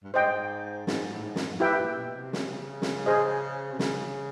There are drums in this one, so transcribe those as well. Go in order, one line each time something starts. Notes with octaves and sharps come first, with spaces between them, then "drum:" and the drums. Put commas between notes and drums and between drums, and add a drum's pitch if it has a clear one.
G2
G#2 C5 D#5 G5
G#2, drum: snare
A2
G#2
drum: snare
F2
F#2 E4 G4 B4 E5 G5
A#2
B2
C3
C#3, drum: snare
C3
C#3
drum: snare
G#4 C5 D#5
C3
C#3, drum: snare